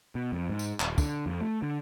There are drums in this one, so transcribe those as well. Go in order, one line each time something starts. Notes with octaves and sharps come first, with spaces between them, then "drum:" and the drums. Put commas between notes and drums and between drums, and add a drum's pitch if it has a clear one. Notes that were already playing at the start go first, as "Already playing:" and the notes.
B2
F2
G#2
drum: tambourine
D#1, drum: clap
D3, drum: kick, tambourine
F2
A3
D3